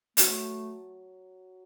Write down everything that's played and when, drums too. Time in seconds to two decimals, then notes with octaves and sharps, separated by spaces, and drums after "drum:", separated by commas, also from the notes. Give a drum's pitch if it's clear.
0.17 F#3 A3, drum: hi-hat